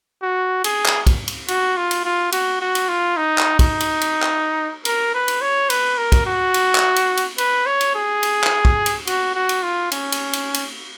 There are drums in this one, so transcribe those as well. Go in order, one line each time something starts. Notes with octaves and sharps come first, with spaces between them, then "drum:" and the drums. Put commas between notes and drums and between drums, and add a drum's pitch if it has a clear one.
F#4
G#4, drum: cymbal
drum: clap
drum: kick, cymbal
drum: cymbal
F#4, drum: cymbal
F4
drum: cymbal
F4
F#4, drum: cymbal
F#4
drum: cymbal
F4
D#4
drum: clap
D#4, drum: kick, cymbal
drum: cymbal
drum: cymbal
drum: clap
A#4, drum: cymbal
B4
drum: cymbal
C#5
B4, drum: cymbal
A#4
drum: kick, cymbal
F#4
drum: cymbal
drum: clap
drum: cymbal
drum: cymbal
B4, drum: cymbal
C#5
drum: cymbal
G#4
drum: cymbal
drum: clap
drum: kick
drum: cymbal
F#4, drum: cymbal
F#4
drum: cymbal
F4
C#4, drum: cymbal
drum: cymbal
drum: cymbal
drum: cymbal